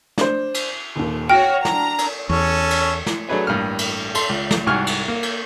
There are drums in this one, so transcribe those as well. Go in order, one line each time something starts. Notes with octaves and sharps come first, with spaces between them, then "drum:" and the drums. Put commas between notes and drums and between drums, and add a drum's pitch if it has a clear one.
D4 C5, drum: snare
drum: cymbal
D#1 D#2
F#4 C#5 G5 F6 A#6
D4 A#5, drum: snare
drum: cymbal
E2 C#4 A4 C#5
drum: cymbal
drum: snare
F#3 A3 D4 G#4 B4 C#5
A1 G2 A#3 F6
drum: cymbal
A4 C6, drum: cymbal
C#2
drum: snare
C2 G#2 F#4 G#5 C#6 F6
drum: cymbal
A#3
drum: cymbal